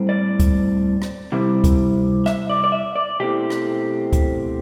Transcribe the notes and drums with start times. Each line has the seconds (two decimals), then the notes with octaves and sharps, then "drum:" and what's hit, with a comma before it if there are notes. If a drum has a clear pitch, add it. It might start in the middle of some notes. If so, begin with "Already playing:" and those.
Already playing: A2 G3 C4
0.09 D5
0.39 drum: kick C#2, hi-hat
1.02 drum: rim click
1.32 C3 G3 C4 E4
1.64 drum: kick C#2, hi-hat
2.26 E5, drum: rim click
2.50 D5
2.64 D5
2.72 E5
2.96 D5
3.20 B2 A3 C4 E4 G4
3.50 drum: rim click
4.13 drum: kick C#2, hi-hat